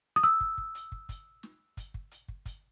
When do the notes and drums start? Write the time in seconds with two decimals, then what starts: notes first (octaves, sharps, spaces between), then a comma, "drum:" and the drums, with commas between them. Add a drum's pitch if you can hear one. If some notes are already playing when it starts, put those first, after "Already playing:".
0.16 D#6
0.24 E6
0.41 drum: kick
0.58 drum: kick
0.75 drum: hi-hat
0.92 drum: kick
1.09 drum: kick, hi-hat
1.43 drum: snare
1.77 drum: kick, hi-hat
1.94 drum: kick
2.11 drum: hi-hat
2.28 drum: kick
2.46 drum: kick, hi-hat